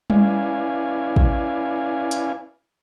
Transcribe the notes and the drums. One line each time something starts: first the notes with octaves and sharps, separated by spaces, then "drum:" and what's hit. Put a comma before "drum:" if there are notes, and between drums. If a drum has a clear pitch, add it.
C#4 E4 B4 D5 F5 G#5, drum: tom G3
drum: kick
drum: hi-hat